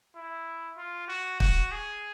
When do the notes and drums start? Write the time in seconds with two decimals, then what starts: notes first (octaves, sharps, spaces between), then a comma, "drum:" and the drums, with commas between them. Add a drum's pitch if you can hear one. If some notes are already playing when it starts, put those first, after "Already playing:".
0.15 E4
0.77 F4
1.08 F#4
1.40 F#4, drum: kick
1.72 G#4